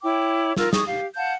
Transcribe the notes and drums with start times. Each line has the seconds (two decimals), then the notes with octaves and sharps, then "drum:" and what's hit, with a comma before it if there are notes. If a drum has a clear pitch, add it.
0.03 E4 C#5 G5 D6
0.56 F4 A#4 E6, drum: snare
0.73 G#4 C#6 D#6, drum: snare
0.86 G4 F5
1.16 F5 F#5 A5 G6